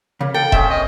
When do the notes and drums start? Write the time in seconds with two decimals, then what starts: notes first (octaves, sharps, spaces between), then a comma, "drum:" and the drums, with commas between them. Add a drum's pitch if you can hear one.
0.21 C#3 A#3
0.34 A4 G5
0.52 C4 C#4 G#4 E5, drum: kick E1
0.70 C#5 D#5